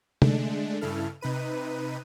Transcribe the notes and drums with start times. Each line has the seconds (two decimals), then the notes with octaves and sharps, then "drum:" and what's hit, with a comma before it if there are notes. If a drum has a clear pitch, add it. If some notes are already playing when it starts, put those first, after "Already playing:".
0.22 D3 G#3 A3 D4, drum: tom C3
0.81 G2 C#3 E4 A4 F6
1.21 C3 D#4 B4 D#7